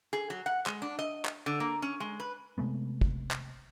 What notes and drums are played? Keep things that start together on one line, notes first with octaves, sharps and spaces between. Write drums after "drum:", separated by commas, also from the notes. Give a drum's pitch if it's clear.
G#4
F#3
F#5
G#3, drum: clap
D4
D#5
drum: clap
D3
A#3
C#4
G#3
B4
C3 G#3 A3 B3
drum: kick
drum: clap